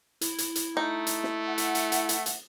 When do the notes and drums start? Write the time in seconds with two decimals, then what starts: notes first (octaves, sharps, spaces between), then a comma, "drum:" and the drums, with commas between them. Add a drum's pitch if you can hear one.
0.21 E4, drum: hi-hat
0.38 drum: hi-hat
0.55 drum: hi-hat
0.77 A3 D#4
1.07 drum: hi-hat
1.24 drum: snare
1.47 E5 F#5
1.58 drum: hi-hat
1.75 drum: hi-hat
1.92 drum: hi-hat
2.09 drum: hi-hat
2.26 drum: hi-hat